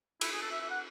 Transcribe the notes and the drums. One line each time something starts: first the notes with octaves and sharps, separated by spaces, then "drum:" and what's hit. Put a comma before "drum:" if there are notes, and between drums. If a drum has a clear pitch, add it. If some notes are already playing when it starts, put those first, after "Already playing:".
E4, drum: cymbal
G#4
A4
E5
E5
F#5